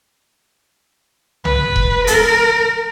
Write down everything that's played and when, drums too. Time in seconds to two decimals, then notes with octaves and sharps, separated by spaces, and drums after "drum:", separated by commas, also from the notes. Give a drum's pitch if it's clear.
1.45 B4, drum: tom C2
1.76 drum: kick E1
2.07 A#4, drum: hi-hat